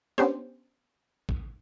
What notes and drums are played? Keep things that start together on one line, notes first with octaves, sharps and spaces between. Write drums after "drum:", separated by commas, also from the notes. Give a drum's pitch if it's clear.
B3 C#4 D4 G4 C5, drum: snare
drum: kick A1